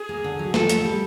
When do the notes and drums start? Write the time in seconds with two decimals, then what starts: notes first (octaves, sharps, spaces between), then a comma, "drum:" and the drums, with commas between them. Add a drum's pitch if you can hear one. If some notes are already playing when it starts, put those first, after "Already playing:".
Already playing: G#4
0.09 A#3
0.24 D3
0.39 F#3
0.54 F3 A4, drum: snare
0.70 A3, drum: hi-hat
0.84 G3